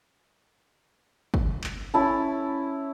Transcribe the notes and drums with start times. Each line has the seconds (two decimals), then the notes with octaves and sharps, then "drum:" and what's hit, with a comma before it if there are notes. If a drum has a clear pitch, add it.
1.34 drum: kick
1.64 drum: clap
1.94 C#4 E4 A5